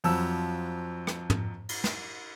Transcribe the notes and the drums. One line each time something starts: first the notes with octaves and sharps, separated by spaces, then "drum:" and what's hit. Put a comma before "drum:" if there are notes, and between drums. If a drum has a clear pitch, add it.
F2 F3 F#3 E6, drum: open hi-hat
drum: rim click
drum: tom
drum: cymbal
drum: snare